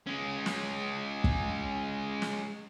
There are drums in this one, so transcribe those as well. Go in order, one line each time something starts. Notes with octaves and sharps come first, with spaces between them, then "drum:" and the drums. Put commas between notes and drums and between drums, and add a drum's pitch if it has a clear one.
G#3 C#4
drum: snare
drum: kick
drum: snare